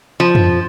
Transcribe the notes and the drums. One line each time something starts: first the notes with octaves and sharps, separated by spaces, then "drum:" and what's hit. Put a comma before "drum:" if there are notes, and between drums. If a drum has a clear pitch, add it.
F3
drum: tom